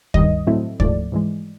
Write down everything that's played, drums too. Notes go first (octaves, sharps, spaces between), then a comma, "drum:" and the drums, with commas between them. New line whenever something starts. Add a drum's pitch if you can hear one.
G2 D#3 G3 D#5, drum: kick D2
A2 F#3 A3 C4 E4
G#2 F3 A3 D5, drum: kick D2
G#2 E3 G#3